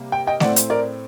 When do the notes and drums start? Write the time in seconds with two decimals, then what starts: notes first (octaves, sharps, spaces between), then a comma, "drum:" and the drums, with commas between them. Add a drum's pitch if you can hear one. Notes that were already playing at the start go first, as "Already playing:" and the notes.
Already playing: C3 G3 A#3
0.12 G5
0.27 D#5 G5
0.40 A2 A3 C4 D5 F#5, drum: snare A3
0.56 drum: hi-hat
0.70 A#4 D5